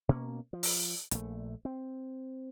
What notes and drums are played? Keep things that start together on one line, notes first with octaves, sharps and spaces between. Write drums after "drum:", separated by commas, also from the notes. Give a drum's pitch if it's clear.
B2 A#3 C#4
F3
drum: open hi-hat
A#1 A3, drum: hi-hat
C4